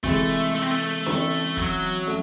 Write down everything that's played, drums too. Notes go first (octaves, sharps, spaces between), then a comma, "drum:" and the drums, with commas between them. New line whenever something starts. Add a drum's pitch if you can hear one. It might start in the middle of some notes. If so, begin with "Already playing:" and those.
C3 E3 G#3 A3, drum: kick, hi-hat
drum: hi-hat
A3, drum: hi-hat
C4
A3
drum: open hi-hat
C#3 E3 C4 E4, drum: snare D4
drum: hi-hat
F#3, drum: kick, hi-hat
drum: hi-hat
A3 C#4, drum: hi-hat